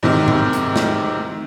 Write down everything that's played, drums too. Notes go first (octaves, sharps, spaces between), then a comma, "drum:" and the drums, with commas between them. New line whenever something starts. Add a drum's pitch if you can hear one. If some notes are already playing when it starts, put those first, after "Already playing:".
G#2 C3 D#3
drum: tom G#2
drum: hi-hat
drum: snare